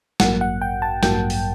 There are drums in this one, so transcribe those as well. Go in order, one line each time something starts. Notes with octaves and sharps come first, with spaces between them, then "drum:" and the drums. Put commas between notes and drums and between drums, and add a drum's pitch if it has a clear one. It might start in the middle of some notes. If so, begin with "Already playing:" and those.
A1 G2 F#3 A#3 F#5, drum: snare
F#5
G5
A5
A1 G2 F#3 A#3 G5, drum: snare
drum: open hi-hat